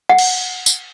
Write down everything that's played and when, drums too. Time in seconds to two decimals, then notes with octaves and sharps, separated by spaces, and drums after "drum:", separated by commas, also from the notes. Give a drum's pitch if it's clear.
0.09 F#5
0.18 drum: cymbal
0.66 drum: tambourine